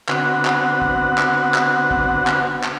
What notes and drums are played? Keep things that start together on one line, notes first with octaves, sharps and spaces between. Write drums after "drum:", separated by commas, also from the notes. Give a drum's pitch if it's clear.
D3 B3 C4 F#4 F#5, drum: clap
drum: clap
drum: kick
drum: clap
drum: clap
drum: kick
drum: clap
drum: clap